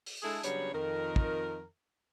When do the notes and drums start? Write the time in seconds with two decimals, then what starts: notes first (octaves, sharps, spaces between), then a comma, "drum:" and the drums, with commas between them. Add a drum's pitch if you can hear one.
0.06 drum: open hi-hat
0.23 G#3 D4 E4 G#4 A4
0.43 C#3 F#3 G3 B3 D4 C#5, drum: hi-hat
0.73 F2 D#3 A#4
1.16 drum: kick